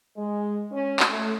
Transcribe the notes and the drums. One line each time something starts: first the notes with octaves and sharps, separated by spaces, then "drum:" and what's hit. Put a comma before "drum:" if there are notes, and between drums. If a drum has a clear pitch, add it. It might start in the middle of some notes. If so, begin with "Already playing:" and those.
G#3
C#4
drum: clap
A3